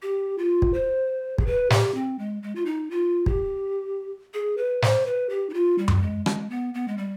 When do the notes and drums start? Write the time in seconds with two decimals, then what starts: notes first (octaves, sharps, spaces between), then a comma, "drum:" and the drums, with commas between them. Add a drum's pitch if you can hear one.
0.02 G4
0.38 F4
0.62 drum: kick
0.74 C5
1.38 G#4, drum: kick
1.46 B4
1.70 G4, drum: snare
1.95 C4
2.19 G#3
2.43 G#3
2.55 F4
2.65 D#4
2.91 F4
3.26 G4, drum: kick
4.34 G#4
4.57 B4
4.82 C5, drum: snare
5.06 B4
5.29 G4
5.50 D#4
5.54 F4
5.78 G3
5.88 drum: tom F#2
5.97 G3
6.02 G#3
6.26 G#3, drum: rim click
6.50 B3
6.74 B3
6.88 G#3
6.98 G3